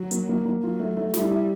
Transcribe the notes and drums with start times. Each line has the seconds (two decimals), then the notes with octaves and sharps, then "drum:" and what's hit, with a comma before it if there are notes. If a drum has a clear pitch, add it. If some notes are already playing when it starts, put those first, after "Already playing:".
Already playing: F#3
0.11 A#3, drum: hi-hat
0.29 A#3
0.45 A#3
0.63 F#3 F4
0.80 A3
0.97 A3
1.14 G3 E4, drum: snare
1.30 E4